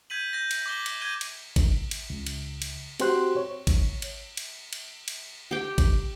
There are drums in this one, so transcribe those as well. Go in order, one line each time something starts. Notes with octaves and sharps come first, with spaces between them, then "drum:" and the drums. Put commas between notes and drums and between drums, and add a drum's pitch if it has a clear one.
G6 G#6 B6 D#7 F#7
G6 A#6
drum: cymbal
D6 A#6 G7
drum: cymbal
G6 G#6 D#7 G7
drum: cymbal
drum: kick G#1, cymbal
drum: cymbal
C#2
drum: cymbal
drum: cymbal
C4 F#4 G4 C5 C6 F#6, drum: cymbal
C#5
drum: kick G#1, cymbal
drum: cymbal
drum: cymbal
drum: cymbal
drum: cymbal
G4 G5
drum: kick G#1, cymbal